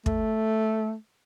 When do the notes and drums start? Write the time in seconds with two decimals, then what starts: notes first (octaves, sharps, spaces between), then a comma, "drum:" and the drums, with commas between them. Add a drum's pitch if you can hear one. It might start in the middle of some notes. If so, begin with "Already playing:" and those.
0.06 A3, drum: kick